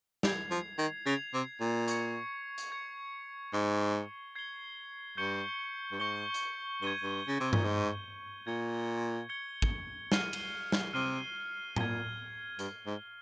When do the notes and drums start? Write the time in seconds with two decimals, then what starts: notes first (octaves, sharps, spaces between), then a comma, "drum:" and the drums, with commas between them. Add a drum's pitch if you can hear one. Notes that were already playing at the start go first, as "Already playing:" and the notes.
0.23 G3 G#6 C7 F7, drum: snare
0.51 F3
0.78 D#3
1.06 C#3 G#6 C7 F7
1.34 C3
1.60 A#2
1.88 C#6 G#6 C#7, drum: hi-hat
2.58 drum: hi-hat
2.71 C#6 G#6 C#7
3.53 G#2 G#6 C7 G7
4.35 G#6 C7 G7
5.17 G2 C#6 G6 C#7 G7
5.92 G2
6.00 G#2 C#6 G6 C#7 G7
6.34 drum: hi-hat
6.82 G2 G#6 D#7 G7
7.03 G2
7.27 C#3
7.40 C3
7.53 A#2, drum: tom G2
7.64 G#2 G#6 D#7 G7
8.47 A#2 G#6 C#7 G7
9.29 G#6 C#7 G7
9.62 drum: kick
10.12 F6 C7 D#7 G7, drum: snare
10.33 drum: cymbal
10.72 drum: snare
10.93 C3 F6 C7 D#7 G7
11.76 A#2 G#6 D#7 G7, drum: tom A2
12.59 G2 G#6 D#7 G7, drum: hi-hat
12.87 G#2